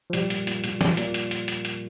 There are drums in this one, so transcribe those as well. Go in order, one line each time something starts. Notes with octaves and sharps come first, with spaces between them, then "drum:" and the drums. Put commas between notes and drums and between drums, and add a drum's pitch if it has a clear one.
F3
A#2 G3, drum: hi-hat
A#2, drum: hi-hat
A#2, drum: hi-hat
A#2, drum: hi-hat
A#2, drum: snare
A#2, drum: hi-hat
drum: hi-hat
drum: hi-hat
drum: hi-hat
drum: hi-hat